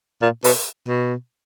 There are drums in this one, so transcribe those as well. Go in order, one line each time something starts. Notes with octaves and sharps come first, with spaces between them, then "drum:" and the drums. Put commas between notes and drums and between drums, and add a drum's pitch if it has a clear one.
A#2
B2, drum: open hi-hat
B2